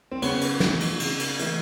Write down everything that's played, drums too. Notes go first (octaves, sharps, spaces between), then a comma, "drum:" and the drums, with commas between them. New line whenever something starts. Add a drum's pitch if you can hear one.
C4
C#3 B3 C#4, drum: cymbal
drum: cymbal
E3 A3 C4 D#4, drum: snare
drum: cymbal
C#3, drum: cymbal
drum: cymbal
E3 A3 C4 D#4, drum: cymbal